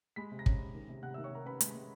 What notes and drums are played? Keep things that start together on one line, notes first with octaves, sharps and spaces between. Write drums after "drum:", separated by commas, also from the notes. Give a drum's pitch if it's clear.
G#3 B5 B6
C3
A#5 A#6
C#4, drum: kick
C#4
D#3
C3
C3 F#5 F#6
E5 E6
D#3
C#5 C#6
C3 A#4 A#5
C#4 B4 B5
G#3, drum: hi-hat
G#3